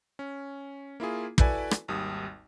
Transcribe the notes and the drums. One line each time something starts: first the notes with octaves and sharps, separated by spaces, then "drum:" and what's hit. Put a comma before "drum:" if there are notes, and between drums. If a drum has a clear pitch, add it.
C#4
A#3 E4 F4 G#4
E4 F#4 A4 B4 D5 G#5, drum: kick
drum: rim click
G#1 D#2 G3 D#6